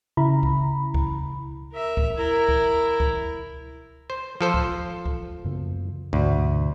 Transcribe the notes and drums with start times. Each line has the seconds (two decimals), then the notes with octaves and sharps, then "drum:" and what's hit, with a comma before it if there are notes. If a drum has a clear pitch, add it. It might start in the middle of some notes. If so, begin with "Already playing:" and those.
0.17 C#3 E4 A#5 B5
0.43 drum: kick C#2
0.94 drum: kick C#2
1.72 A#4 E5
1.97 drum: kick C#2
2.15 E4 A#4
2.49 drum: kick C#2
3.00 drum: kick C#2
4.10 C5
4.41 F3 A4 C5
4.54 drum: kick C#2
5.06 drum: kick C#2
5.44 F#2 C#3 B3
6.13 D2 G#2 B2